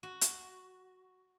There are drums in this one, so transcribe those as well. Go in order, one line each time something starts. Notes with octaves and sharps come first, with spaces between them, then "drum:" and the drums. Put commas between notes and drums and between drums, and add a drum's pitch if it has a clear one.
F#4
drum: hi-hat